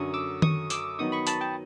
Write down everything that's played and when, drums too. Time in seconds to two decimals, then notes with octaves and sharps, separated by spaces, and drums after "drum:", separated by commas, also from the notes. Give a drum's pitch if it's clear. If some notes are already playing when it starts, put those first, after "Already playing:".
Already playing: F#2 D3 F#3 C#6 D#6
0.14 D6 E6
0.42 C#6 D#6, drum: tom D#3
0.70 D6 E6, drum: hi-hat
0.98 D#3 F#3 B3 D#4 C#6 D#6
1.12 B5 C#6
1.27 A5 B5, drum: hi-hat
1.41 G5 A5